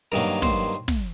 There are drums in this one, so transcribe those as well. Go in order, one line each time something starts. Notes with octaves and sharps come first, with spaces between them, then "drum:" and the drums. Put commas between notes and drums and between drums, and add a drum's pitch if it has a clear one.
G2 D#3 F#3 A#3 A#4 A#5, drum: hi-hat
C5 C6, drum: snare
drum: hi-hat
drum: snare